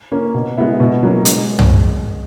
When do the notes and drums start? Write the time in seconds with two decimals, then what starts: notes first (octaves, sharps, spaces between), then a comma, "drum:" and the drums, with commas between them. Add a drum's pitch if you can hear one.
0.12 A#3 C#4
0.34 B2
0.57 G#3 B3 E4
0.80 B2
1.03 F#3 A#3 C#4
1.25 G#3, drum: hi-hat
1.59 drum: tom